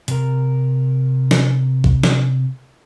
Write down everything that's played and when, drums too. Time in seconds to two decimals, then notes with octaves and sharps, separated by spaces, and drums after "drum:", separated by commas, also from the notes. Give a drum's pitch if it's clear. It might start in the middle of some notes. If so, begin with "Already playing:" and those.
0.08 C3 A#4, drum: hi-hat
1.31 drum: snare
1.84 drum: kick
2.03 drum: snare